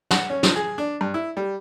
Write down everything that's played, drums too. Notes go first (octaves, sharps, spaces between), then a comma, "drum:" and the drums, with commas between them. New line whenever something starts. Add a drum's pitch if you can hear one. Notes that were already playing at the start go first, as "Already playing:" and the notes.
F#5, drum: snare
C#4
F3, drum: snare
G#4
D4
G2
E4
G3